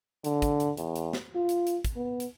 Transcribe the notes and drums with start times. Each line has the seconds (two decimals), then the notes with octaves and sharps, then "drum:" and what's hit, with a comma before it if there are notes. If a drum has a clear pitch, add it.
0.24 D3, drum: hi-hat
0.42 drum: kick, hi-hat
0.60 drum: hi-hat
0.77 E2, drum: hi-hat
0.96 drum: hi-hat
1.13 drum: snare
1.35 F4
1.49 drum: hi-hat
1.67 drum: hi-hat
1.84 drum: kick, hi-hat
1.96 B3
2.20 drum: hi-hat